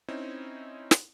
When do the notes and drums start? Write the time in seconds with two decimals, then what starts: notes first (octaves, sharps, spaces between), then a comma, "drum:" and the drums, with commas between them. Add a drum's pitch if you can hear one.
0.09 C4 C#4 D#4 E4
0.91 drum: snare